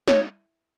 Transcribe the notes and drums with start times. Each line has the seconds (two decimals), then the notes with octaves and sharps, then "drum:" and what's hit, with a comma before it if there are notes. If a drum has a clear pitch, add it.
0.08 D#4 C#5, drum: snare